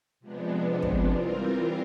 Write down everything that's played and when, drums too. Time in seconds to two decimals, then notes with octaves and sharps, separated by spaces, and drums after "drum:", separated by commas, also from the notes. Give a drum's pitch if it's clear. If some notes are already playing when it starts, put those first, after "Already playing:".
0.20 C3 F3 G#3 B3 D4
0.82 drum: kick
1.09 E3 G3 C4 F4 A#4